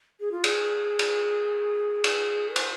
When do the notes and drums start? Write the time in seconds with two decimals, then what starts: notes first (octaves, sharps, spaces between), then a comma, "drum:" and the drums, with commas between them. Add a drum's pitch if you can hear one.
0.20 G#4
0.31 F4
0.44 G#4, drum: cymbal
0.99 drum: cymbal
2.04 drum: cymbal
2.56 C5, drum: cymbal